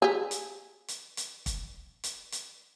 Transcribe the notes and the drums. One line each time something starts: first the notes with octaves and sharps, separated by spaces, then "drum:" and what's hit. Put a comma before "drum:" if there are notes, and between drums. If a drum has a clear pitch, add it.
G4 G#4
drum: hi-hat
drum: hi-hat
drum: hi-hat
drum: kick, hi-hat
drum: hi-hat
drum: hi-hat